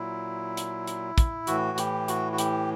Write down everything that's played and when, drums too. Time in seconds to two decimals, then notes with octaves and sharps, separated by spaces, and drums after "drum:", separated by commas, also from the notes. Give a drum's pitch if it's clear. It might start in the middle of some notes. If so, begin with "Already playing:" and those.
Already playing: A#2 F#3 E4
0.57 drum: hi-hat
0.87 drum: hi-hat
1.18 drum: kick, hi-hat
1.47 A2 E3 F#4, drum: hi-hat
1.78 G4, drum: hi-hat
2.08 F#4, drum: hi-hat
2.33 F#4
2.38 G4, drum: hi-hat